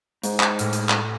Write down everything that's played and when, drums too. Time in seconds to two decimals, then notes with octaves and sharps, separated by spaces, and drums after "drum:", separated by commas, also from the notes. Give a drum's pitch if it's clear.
0.23 G#2, drum: hi-hat
0.40 drum: clap
0.59 A2 F6, drum: hi-hat
0.73 drum: hi-hat
0.89 drum: clap